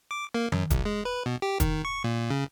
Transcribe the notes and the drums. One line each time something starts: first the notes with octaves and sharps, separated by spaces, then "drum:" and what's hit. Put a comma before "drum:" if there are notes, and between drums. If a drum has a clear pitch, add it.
D6
A#3
F#2, drum: tom D#3
C2, drum: kick, hi-hat
G#3
B4
B2
G4
D#3, drum: kick, hi-hat
C#6
A#2
C#3